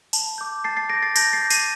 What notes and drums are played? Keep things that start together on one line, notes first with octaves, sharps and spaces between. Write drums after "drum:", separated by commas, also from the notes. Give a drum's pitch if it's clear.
A5, drum: tambourine
D6 G6
A5 A6 C7
A6 C7
D6 G6 A#6 D7
A6 C7
A5 G6 A#6, drum: tambourine
A6 C7
D6 G6
C7 D#7, drum: tambourine